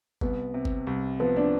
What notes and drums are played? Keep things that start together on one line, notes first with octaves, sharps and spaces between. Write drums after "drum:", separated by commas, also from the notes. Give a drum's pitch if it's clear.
C2 B3, drum: kick
C3
drum: kick
C2
F3 B3
D4